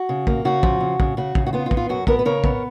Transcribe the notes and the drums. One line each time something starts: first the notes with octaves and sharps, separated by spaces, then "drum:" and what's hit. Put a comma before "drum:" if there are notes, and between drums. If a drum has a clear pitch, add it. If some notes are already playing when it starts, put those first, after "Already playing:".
Already playing: F#4
C#3
A#3, drum: kick
C#3 F#4
F3, drum: kick
C#3
C#3, drum: kick
C#3 F#4
C#3, drum: kick
F#4
B3 F4
F4
B3, drum: kick
F4
F#2 F#4
B3 F#4 A#4, drum: kick
B4
C#3 A#4 C#5
B3, drum: kick